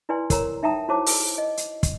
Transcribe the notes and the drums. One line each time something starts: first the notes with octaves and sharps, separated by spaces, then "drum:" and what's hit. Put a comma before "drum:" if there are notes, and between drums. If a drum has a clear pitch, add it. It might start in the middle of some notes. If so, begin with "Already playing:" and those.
E4 B4 D5 G#5 C6
A#4 C#5 A#5, drum: kick, hi-hat
D#4 E5 G5 A5 A#5 D#6
E4 F#4 C5 C#5 A5 D6
drum: open hi-hat
D#5
drum: hi-hat
drum: kick, hi-hat